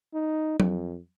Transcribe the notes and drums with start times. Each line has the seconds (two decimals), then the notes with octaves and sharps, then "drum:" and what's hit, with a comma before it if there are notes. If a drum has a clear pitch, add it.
0.14 D#4
0.60 F2, drum: tom F#3